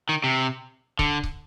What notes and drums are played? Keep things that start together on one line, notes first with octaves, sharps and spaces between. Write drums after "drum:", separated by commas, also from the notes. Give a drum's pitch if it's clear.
D#3
C3
D3, drum: kick C#1
drum: kick C#1